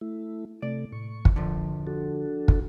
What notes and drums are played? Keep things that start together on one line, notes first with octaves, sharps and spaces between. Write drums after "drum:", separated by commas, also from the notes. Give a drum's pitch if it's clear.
A3 E4
C3 A3 D5
A2 C#6
drum: kick
F2 D3 F3
D4 F#4 A4
drum: kick